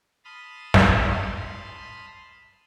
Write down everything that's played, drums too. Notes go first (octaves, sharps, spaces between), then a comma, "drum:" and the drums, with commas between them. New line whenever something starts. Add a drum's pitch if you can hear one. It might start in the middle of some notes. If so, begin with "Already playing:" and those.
A5 B5 C6 D#6 F6
drum: snare